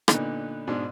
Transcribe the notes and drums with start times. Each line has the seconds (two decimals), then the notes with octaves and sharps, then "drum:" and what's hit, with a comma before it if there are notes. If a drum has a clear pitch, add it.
0.08 A#2 D3 B3 D#4, drum: rim click
0.67 G#2 B2 D4